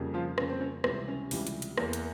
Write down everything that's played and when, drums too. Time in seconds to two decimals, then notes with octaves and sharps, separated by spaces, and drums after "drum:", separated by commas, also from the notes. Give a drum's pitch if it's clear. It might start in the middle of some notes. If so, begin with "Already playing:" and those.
Already playing: F2 C#3 G3 A#3
0.14 F3 F4
0.38 F2 C#3 G3 A#3 C#4, drum: rim click
0.50 C4
0.61 C#4
0.84 C#2 C3 E3 G3 C4, drum: rim click
1.08 C#4
1.31 C#2 C3 E3 G3, drum: open hi-hat
1.47 drum: hi-hat
1.62 drum: hi-hat
1.78 E2 E3 A#3, drum: rim click
1.93 drum: hi-hat